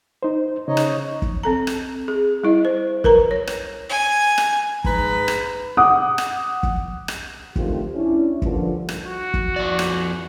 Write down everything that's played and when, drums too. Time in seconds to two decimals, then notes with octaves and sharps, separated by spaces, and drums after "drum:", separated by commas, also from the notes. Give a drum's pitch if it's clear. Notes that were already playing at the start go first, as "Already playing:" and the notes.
0.23 D#4 C5
0.68 C#3 D#4 C#5 D#5
0.77 drum: rim click
1.22 drum: kick
1.43 C4 A4 A#5
1.67 drum: rim click
2.08 G#4
2.44 G3 E4 D#5
2.65 C5
3.04 A#4 B4 A#5, drum: kick
3.31 C#5
3.47 drum: rim click
3.89 G#5
4.38 drum: rim click
4.84 G#2 B4 A#5, drum: kick
5.28 drum: rim click
5.77 F#5 D6 D#6
6.18 drum: rim click
6.63 drum: kick
7.08 drum: rim click
7.56 D3 D#3 A3 C4 F4 G4, drum: kick
7.95 C#4 D4 E4
8.42 G2 A#2 D3 F3, drum: kick
8.89 drum: rim click
9.06 F#4
9.34 drum: kick
9.56 F2 D5
9.79 drum: rim click